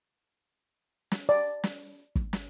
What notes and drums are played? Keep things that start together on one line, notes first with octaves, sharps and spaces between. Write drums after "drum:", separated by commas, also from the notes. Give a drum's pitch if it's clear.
drum: snare
D5
drum: snare
drum: kick
drum: snare